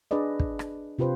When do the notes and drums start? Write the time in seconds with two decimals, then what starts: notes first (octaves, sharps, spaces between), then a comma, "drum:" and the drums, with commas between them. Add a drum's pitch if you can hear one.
0.11 D4 G#4 B4 D5 D#5
0.39 drum: kick
0.59 drum: rim click
0.98 C3 F4 G4 B4 C5